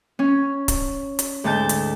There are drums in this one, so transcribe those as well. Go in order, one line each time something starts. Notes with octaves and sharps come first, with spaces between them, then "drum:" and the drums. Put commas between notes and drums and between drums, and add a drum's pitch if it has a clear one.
C#4
drum: kick C#1, hi-hat
drum: hi-hat
D2 G#2 A5 G6
drum: hi-hat